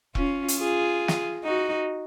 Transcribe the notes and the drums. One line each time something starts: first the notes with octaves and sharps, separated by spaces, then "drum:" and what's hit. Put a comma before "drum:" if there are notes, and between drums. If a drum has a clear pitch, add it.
C#4 F4, drum: kick E1
drum: hi-hat
F4 G#4
drum: snare
D#4 F#4